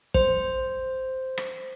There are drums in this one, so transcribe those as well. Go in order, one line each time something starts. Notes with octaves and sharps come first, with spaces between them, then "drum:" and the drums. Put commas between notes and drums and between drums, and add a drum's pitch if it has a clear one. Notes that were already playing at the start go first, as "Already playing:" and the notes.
C5, drum: kick
drum: rim click